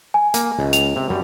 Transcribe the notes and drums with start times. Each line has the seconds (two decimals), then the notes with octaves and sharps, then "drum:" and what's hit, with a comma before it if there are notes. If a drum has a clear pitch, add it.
0.14 G#5
0.34 A#3, drum: hi-hat
0.59 C#2
0.73 F7, drum: hi-hat
0.96 C3
1.09 F#2 G3